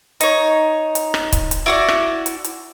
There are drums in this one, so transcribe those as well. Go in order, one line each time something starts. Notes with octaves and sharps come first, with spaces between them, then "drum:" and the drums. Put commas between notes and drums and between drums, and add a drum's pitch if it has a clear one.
D#4 C#5, drum: hi-hat
drum: hi-hat
drum: rim click
drum: kick, hi-hat
drum: hi-hat
E4 F#4 D5
drum: rim click
drum: hi-hat
drum: hi-hat